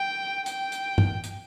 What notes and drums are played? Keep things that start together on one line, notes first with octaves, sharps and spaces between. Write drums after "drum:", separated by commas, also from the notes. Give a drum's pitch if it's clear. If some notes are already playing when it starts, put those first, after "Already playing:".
Already playing: G5
G5, drum: hi-hat
drum: hi-hat
drum: tom G2
drum: hi-hat